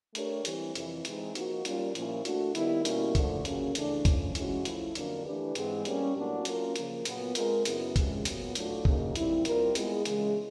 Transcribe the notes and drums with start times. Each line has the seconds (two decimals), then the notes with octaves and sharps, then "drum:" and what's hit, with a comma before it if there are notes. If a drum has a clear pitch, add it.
0.15 A3 D4 G4 A#4 C#5, drum: hi-hat
0.45 E3 G3 C4, drum: hi-hat
0.75 F2 C3 E3, drum: hi-hat
1.05 E3 G#3 C4 D#4, drum: hi-hat
1.35 F3 A#3 D#4 F#4, drum: hi-hat
1.65 G3 A#3 C#4 F4, drum: hi-hat
1.95 A#2 F3 A#3 C#4 E4, drum: hi-hat
2.25 A3 D4 F#4, drum: hi-hat
2.55 D#3 G3 B3 E4, drum: hi-hat
2.85 B2 G3 A#3 C#4 E4, drum: hi-hat
3.15 D3 F3 A3, drum: kick, hi-hat
3.45 C#3 F#3 A#3 C#4, drum: hi-hat
3.75 C#3 E3 A3 D4, drum: hi-hat
4.05 F3 A3 C#4, drum: kick, hi-hat
4.35 E3 G#3 C#4 F#4, drum: hi-hat
4.65 F3 A3 C#4 E4, drum: hi-hat
4.95 F2 D3 F#3 A#3 D4, drum: hi-hat
5.25 E3 A3 D4 G4 B4
5.55 G#2 E3 G#3 C4, drum: hi-hat
5.85 G3 A#3 C#4, drum: hi-hat
6.15 A2 F#3 A#3 D4 F#4
6.45 F#3 A#3 C#4 F4 A#4, drum: hi-hat
6.76 C#3 F3 A#3, drum: hi-hat
7.05 A#2 F#3 B3, drum: hi-hat
7.35 G#3 C4 F4 A#4, drum: hi-hat
7.65 F#2 C#3 F#3 B3 E4, drum: hi-hat
7.96 C3 F3 G#3 C#4, drum: kick, hi-hat
8.25 A#2 F#3 B3, drum: hi-hat
8.55 A2 F#3 A3 D4 F4, drum: hi-hat
8.85 C#3 F#3 A#3 D#4, drum: kick
9.15 A#2 G3 C4 E4, drum: hi-hat
9.45 G3 C4 F4 A#4, drum: hi-hat
9.75 G#3 B3 E4 G#4, drum: hi-hat
10.05 C#3 E3 G#3, drum: hi-hat